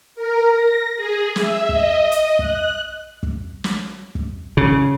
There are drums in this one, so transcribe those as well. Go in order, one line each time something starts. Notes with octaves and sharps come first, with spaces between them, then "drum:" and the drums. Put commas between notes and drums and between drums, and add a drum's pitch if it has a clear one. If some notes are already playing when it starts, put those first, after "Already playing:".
A#4
A#6
G#4
E5, drum: snare
D#5, drum: kick
drum: hi-hat
F#6, drum: kick
drum: kick
drum: snare
drum: kick
C#3, drum: kick